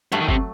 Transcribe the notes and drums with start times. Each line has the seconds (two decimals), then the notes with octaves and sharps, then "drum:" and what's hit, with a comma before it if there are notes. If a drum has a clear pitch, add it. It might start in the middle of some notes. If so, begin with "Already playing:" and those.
0.12 G2 F#3 A3
0.20 D#3
0.28 C3, drum: kick G1